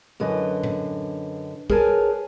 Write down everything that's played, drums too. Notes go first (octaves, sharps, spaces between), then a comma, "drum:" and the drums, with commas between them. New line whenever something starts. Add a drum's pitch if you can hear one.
F#2 D3 B4 D#5
drum: tom A2
G#4 A#4 B4 C#5 G#5 A5, drum: kick